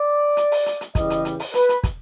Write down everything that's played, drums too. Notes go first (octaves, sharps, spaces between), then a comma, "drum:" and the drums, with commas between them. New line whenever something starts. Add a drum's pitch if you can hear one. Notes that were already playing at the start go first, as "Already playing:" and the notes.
Already playing: D5
drum: hi-hat
drum: open hi-hat
drum: hi-hat
drum: hi-hat
E2 C#3 E3 G3 D#5, drum: kick, hi-hat
drum: hi-hat
drum: hi-hat
drum: open hi-hat
B4, drum: hi-hat
drum: hi-hat
drum: kick, hi-hat